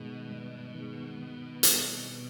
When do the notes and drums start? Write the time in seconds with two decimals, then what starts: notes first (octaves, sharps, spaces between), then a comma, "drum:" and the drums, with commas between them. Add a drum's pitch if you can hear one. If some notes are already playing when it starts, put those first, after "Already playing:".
Already playing: G2 B2 D#3 G#3
0.29 G2
0.74 D#3 G#3
1.19 D#3
1.63 G3 C4 E4 G#4, drum: hi-hat